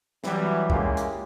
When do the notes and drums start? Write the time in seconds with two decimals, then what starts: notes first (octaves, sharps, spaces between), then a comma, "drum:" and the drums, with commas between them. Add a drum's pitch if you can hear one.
0.24 E3 F#3 G3, drum: snare
0.70 G#3 A#3 C#4 E4 F4 G4, drum: kick
0.97 drum: hi-hat